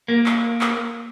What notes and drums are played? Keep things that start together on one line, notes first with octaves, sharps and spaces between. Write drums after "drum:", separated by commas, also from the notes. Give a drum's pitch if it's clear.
A#3
drum: clap
drum: clap